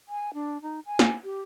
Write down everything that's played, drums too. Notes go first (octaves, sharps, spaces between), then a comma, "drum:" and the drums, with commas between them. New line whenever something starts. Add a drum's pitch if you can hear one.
G#5
D4
D#4
G#5
drum: snare
G4